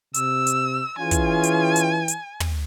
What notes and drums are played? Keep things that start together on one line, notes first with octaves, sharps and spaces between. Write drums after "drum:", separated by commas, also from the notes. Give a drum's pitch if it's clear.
C3 E6, drum: hi-hat
drum: hi-hat
E3 C#4 F4 G#4 G#5
drum: kick, hi-hat
drum: hi-hat
drum: hi-hat
drum: hi-hat
drum: tom